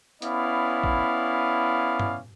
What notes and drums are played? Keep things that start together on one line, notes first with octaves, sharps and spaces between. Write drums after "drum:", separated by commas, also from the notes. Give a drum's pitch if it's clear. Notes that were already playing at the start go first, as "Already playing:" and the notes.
B3 C#4 E4 D5 F5, drum: hi-hat
drum: kick
drum: tom